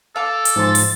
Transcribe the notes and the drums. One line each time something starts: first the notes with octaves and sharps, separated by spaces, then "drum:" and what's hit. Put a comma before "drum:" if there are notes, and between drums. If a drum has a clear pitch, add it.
A4 F5 D6
drum: hi-hat
G#2 F3 C6 A6
drum: open hi-hat